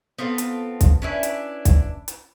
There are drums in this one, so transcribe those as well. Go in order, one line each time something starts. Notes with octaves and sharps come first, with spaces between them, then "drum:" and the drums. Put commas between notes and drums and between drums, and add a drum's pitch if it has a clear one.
B3 C4 F4 A4
drum: hi-hat
drum: kick, hi-hat
C#4 D4 E4 B4
drum: hi-hat
drum: kick, hi-hat
drum: hi-hat